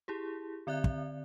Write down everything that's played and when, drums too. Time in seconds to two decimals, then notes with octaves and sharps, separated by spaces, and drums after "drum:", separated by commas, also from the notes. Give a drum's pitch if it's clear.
0.08 E4 G4 G#4
0.67 D3 C4 D5 E5 F#6
0.84 drum: kick